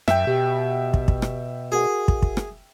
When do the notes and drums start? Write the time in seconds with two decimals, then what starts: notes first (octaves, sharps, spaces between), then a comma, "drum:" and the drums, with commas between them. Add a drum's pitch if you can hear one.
0.08 F#2 E5 G5, drum: rim click
0.27 B2 G4
0.94 drum: kick
1.08 drum: kick
1.22 drum: rim click
1.72 F#4 G#4 A#4 F#5
2.08 drum: kick
2.22 drum: kick
2.37 drum: rim click